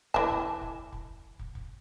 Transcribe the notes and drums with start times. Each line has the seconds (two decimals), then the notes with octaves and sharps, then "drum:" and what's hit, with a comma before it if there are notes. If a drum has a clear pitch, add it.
0.14 E3 A5, drum: kick
0.30 drum: kick
0.61 drum: kick
0.92 drum: kick
1.39 drum: kick
1.55 drum: kick